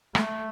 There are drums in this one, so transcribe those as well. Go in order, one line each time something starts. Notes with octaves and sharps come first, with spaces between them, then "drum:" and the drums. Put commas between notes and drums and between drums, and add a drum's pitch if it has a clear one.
A3, drum: rim click